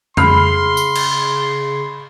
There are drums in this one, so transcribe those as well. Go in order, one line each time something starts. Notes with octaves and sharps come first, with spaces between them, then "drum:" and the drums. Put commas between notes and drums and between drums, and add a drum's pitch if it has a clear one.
C#3 B5 C6 F6 C7, drum: tom F2
drum: tambourine
drum: cymbal